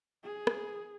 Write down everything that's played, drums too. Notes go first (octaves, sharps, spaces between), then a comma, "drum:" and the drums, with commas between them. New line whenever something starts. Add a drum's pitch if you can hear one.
G#4
drum: rim click